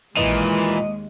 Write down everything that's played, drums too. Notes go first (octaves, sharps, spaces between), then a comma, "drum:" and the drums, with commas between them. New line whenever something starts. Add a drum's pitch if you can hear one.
D#2 A#2 E3 G#3 D#5, drum: kick